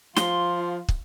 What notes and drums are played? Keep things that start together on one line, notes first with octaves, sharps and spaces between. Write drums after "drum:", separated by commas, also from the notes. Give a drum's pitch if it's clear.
F3 F4 C6, drum: snare
drum: kick